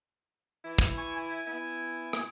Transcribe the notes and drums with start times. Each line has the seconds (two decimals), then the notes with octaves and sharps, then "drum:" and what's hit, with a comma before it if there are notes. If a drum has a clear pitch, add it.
0.64 E3 E4
0.78 drum: kick
0.97 G#5 C#6
1.16 G#5
1.46 B3 E4
2.13 drum: rim click